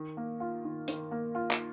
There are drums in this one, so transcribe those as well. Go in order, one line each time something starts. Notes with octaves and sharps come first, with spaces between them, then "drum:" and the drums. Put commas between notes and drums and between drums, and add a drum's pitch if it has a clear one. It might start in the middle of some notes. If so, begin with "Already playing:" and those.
Already playing: D#3
A#3
F4
D#3
D#3, drum: hi-hat
A#3
F4
drum: clap